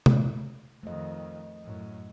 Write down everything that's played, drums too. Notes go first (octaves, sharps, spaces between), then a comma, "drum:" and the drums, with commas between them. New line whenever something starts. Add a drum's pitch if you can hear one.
drum: tom
F2 D#3 A3 D#5
F#2 A2